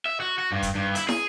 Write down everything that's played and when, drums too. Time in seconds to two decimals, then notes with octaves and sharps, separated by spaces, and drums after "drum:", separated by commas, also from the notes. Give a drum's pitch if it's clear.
0.06 E5
0.20 F#4
0.39 F#4
0.52 G2
0.63 drum: kick, hi-hat
0.75 G2
0.95 E4, drum: hi-hat
1.09 G#4, drum: snare